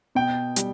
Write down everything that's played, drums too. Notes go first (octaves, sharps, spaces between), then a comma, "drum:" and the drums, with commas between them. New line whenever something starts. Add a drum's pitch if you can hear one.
B2 G5
G3, drum: hi-hat